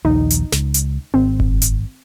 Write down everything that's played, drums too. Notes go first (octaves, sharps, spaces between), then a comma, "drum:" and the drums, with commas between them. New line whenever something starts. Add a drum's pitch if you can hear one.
A#1 D#2 D#4
drum: hi-hat
C#2, drum: snare
drum: hi-hat
G#1 C4
drum: kick F#1
drum: hi-hat